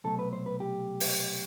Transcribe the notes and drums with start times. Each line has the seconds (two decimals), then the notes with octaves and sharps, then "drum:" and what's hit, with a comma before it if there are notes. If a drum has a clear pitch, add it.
0.04 C2 B2 F#3 A3 C4 A4
0.19 B4
0.33 C5
0.46 B4
0.60 G4
1.00 drum: open hi-hat